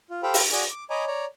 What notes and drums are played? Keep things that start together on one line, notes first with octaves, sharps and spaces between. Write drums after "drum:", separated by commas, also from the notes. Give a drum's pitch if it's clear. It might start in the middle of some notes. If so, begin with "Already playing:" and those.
F4
G4 A4 C5 F5 G5 B5
drum: open hi-hat
F#4 G#4 D5 G#5
D6
C#5 D#5 G#5 A#5 B5 D6
C#5 D5 A#5